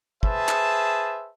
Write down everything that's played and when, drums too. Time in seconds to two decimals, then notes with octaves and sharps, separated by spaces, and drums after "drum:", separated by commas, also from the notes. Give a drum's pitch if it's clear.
0.23 G#4 B4 C5 E5 A5, drum: kick
0.49 drum: clap